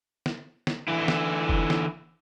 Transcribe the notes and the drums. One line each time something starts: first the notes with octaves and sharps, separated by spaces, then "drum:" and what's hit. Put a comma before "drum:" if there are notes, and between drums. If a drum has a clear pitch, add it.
drum: snare
drum: snare
D3 E3 E4
drum: snare
drum: kick F1
drum: snare